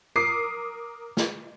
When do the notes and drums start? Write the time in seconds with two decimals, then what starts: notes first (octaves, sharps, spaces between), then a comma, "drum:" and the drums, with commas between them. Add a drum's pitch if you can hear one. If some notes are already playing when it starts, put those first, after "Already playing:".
0.16 A#4 D6 D#6 C7
1.17 drum: snare